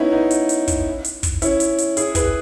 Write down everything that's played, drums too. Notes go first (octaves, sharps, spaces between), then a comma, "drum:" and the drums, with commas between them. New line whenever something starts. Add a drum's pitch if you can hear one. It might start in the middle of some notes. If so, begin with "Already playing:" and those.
Already playing: B3 C#4 D#4 E4
B3 D#4
drum: hi-hat
drum: hi-hat
drum: kick, hi-hat
drum: hi-hat
drum: kick, hi-hat
C#4 E4, drum: hi-hat
drum: hi-hat
drum: hi-hat
E4 G#4, drum: hi-hat
G#4 B4, drum: kick, hi-hat